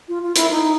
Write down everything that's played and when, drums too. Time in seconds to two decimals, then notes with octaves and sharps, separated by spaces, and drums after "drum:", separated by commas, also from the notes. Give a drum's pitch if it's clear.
0.09 F4
0.23 F4
0.36 E4, drum: hi-hat
0.50 D#4